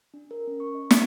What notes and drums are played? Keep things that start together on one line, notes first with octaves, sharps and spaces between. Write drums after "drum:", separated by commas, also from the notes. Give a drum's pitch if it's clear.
D4
A#4
C#4
C#6
D#5
D5, drum: snare